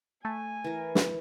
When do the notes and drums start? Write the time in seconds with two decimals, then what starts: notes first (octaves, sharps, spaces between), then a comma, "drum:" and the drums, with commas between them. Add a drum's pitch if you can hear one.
0.25 A3 G#5
0.64 E3 A#4
0.95 drum: snare